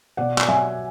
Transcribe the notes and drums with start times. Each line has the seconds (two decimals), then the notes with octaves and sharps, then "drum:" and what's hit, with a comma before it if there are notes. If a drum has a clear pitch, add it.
0.17 B2 D5 F#5
0.38 drum: clap
0.48 F#3 E5 G#5